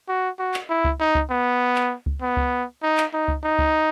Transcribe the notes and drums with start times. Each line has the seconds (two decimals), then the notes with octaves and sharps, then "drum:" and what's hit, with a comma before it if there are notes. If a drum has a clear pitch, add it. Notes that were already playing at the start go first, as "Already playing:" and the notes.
0.08 F#4
0.39 F#4
0.54 drum: clap
0.69 E4
0.84 drum: kick C#2
1.00 D#4
1.15 drum: kick C#2
1.30 B3
1.76 drum: clap
2.06 drum: kick C#2
2.22 B3
2.37 drum: kick C#2
2.82 D#4
2.98 drum: clap
3.13 D#4
3.28 drum: kick C#2
3.43 D#4
3.59 drum: kick C#2